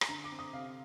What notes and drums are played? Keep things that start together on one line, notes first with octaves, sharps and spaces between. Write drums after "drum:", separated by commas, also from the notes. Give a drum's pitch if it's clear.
G#5, drum: rim click
D3 A#5
D6
C4
D#6
C3 F5